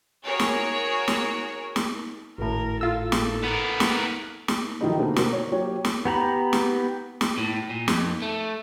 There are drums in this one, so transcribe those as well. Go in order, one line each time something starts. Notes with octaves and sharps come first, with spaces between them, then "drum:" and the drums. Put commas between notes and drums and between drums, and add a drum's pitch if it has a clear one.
F#4 G#4 A#4 C#5
drum: snare
drum: snare
drum: snare
G#1 A2 A#4
F4 A4 E6
drum: snare
B3 A#4
drum: snare
drum: snare
D#3 F3 F#3 A3 D#4 E4
B2 D3 A3 A#3 A#4
F#4 A#4, drum: snare
C#5
F#3 A#3 G4 C#5
drum: snare
B3 G4 A#5 B5
drum: snare
drum: snare
A2
A#2
F2, drum: snare
A3